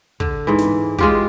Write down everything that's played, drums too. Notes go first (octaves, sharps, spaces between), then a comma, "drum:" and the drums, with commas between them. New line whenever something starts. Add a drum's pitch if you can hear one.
D3, drum: kick
G#2 E3
drum: snare
G#3 F4 G4, drum: kick